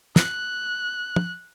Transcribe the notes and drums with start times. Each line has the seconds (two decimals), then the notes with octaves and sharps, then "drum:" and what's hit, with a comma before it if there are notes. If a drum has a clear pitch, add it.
0.16 F#6, drum: snare
1.16 drum: tom